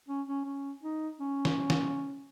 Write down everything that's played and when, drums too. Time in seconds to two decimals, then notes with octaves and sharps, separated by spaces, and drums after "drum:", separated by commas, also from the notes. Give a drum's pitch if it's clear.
0.08 C#4
0.28 C#4
0.45 C#4
0.83 D#4
1.20 C#4
1.45 drum: snare
1.70 drum: snare